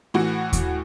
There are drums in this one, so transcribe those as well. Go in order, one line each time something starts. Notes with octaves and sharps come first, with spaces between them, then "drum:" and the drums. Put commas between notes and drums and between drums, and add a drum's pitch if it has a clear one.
A2 E3 F#4
drum: kick D#2, hi-hat